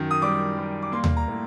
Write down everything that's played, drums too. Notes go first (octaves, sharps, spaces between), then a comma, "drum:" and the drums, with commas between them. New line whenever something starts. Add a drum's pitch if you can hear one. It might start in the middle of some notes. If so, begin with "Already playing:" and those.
Already playing: F#2 D#3
D#6
G3 D6
G3
D6
A#3 C6
drum: tom D#2
A#5
A2